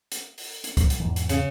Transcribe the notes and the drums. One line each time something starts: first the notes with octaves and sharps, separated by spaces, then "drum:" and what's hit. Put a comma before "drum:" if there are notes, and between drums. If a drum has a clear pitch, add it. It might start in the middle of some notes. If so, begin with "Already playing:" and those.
drum: hi-hat
drum: open hi-hat
drum: hi-hat
drum: kick C2, hi-hat
drum: hi-hat
E2 G#2 E3
drum: hi-hat
C#3, drum: hi-hat